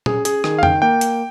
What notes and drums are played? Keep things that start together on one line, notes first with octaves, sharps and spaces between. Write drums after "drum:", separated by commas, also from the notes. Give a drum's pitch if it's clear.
C#4 G#4, drum: tom
G#4, drum: hi-hat
D#3 G#4, drum: rim click
F5
G5, drum: tom
A#3 G5
drum: hi-hat